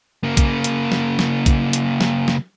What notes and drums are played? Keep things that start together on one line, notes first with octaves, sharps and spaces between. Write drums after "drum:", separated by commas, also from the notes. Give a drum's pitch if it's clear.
C#3 A#3
drum: kick, hi-hat
drum: hi-hat
drum: snare
drum: snare
drum: kick, hi-hat
drum: hi-hat
drum: snare
drum: snare